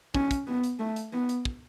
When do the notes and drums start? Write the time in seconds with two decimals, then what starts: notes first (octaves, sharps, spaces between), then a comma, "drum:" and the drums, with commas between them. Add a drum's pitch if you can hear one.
0.14 C#4, drum: kick
0.31 drum: kick, hi-hat
0.47 B3
0.64 drum: hi-hat
0.80 A3
0.96 drum: hi-hat
1.13 B3
1.29 drum: hi-hat
1.45 drum: kick